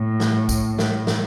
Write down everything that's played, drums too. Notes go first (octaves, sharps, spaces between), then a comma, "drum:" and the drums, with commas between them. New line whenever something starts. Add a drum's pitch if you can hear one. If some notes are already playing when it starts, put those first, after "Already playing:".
Already playing: A2
drum: snare
drum: kick, tambourine
A2, drum: snare
drum: snare